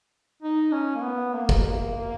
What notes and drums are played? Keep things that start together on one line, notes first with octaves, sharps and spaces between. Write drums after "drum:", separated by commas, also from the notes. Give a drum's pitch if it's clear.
D#4
C#4
A#3
B3
A#3
drum: kick
A#3